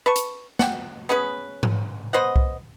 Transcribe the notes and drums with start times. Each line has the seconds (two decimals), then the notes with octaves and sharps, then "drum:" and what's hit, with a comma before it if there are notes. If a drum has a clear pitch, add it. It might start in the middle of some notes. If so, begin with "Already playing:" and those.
0.06 B4 A5 C#6
0.16 drum: hi-hat
0.59 F#5 G5, drum: snare
1.09 B3 C#4 G#4 B4
1.63 drum: tom G#2
2.13 B3 C5 D#5 F#5
2.36 drum: kick C2